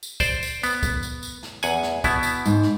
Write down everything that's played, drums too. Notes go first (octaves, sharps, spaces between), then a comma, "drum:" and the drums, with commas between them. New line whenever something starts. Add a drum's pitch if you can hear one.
drum: tambourine
C5 D5, drum: kick, tambourine
drum: tambourine
B3, drum: tambourine
drum: kick, tambourine
drum: tambourine
drum: tambourine
drum: snare
E2 F#5 G#5, drum: tambourine
drum: snare
B2 B3 E4, drum: kick, tambourine
drum: tambourine
G#2, drum: tambourine
drum: snare